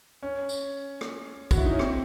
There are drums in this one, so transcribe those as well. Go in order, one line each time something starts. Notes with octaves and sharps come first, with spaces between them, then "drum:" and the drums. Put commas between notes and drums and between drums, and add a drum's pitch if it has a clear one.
C#4
drum: tambourine
drum: rim click
F#4, drum: kick, tambourine
E4
D#4
C#4
C4, drum: rim click